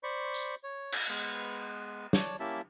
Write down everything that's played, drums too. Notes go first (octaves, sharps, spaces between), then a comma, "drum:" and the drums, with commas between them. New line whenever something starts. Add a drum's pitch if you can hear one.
C5 D5 B5 C#6
drum: tambourine
C#5
drum: cymbal
G#3 B3 B4
C#5 D5 A5, drum: snare
A#3 C#4 E4 G4 E5 A5